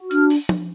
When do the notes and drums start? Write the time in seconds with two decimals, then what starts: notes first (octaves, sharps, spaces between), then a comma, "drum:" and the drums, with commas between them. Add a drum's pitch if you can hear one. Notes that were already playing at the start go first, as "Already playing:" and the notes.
Already playing: F#4
0.11 D4 F6, drum: hi-hat
0.30 drum: open hi-hat
0.49 drum: tom